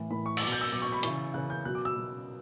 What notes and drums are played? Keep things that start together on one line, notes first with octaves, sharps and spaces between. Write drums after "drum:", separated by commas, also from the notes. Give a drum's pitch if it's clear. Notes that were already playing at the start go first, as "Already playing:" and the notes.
Already playing: A2 E3
A2 E3 B5
C#6
E6, drum: cymbal
B2 F#3 D6
G6
E6
B2 F#3 D6
C#6
B5
C#3 E3 C#6, drum: hi-hat
C#3 E3 F#6
G6
B2 F#3 F#6
D6
E6
B2 F#3